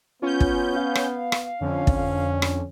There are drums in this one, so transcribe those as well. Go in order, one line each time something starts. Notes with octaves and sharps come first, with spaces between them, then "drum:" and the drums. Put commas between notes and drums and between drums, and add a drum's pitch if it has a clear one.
B3 C#4 F4 G6
drum: kick
F5
drum: rim click
drum: rim click
F2 D3 C#4
drum: kick
drum: rim click